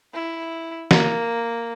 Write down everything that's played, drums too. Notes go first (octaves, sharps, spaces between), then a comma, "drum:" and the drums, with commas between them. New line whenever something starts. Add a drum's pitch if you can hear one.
E4
A#3, drum: snare